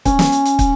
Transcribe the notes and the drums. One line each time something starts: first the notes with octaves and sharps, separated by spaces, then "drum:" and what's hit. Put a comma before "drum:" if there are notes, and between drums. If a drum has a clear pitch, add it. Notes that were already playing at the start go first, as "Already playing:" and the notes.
C#4, drum: kick, hi-hat
drum: snare
drum: hi-hat
drum: hi-hat
drum: kick, hi-hat